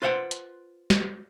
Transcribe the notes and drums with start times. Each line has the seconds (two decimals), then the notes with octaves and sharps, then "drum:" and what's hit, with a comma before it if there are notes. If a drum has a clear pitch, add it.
0.02 F4 B4 C5 E5 F#5 G5
0.31 drum: hi-hat
0.90 drum: snare